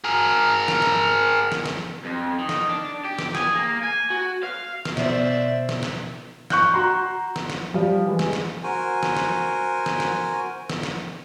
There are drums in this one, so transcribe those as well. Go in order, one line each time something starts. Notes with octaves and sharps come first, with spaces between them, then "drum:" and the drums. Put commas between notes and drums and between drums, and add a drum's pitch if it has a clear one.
G#4 A#4
drum: snare
drum: snare
drum: snare
drum: snare
F2
D#3
drum: snare
D4
G4
drum: snare
G#4, drum: snare
A#3
G#5
F#4
F5
drum: snare
B2 C5 D5 E5, drum: snare
drum: snare
drum: snare
C#6 F#6 G6, drum: snare
F#4 A#5 C6
drum: snare
drum: snare
F3 G3
E3 G#3
drum: snare
drum: snare
F#4 A#4 C5 G#5
drum: snare
drum: snare
drum: snare
drum: snare
drum: snare
drum: snare